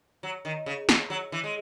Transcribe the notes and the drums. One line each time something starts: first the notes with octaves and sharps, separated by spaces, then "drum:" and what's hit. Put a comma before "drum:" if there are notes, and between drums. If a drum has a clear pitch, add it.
F#3
D#3
C#3
E3, drum: snare
F#3
E3
G#3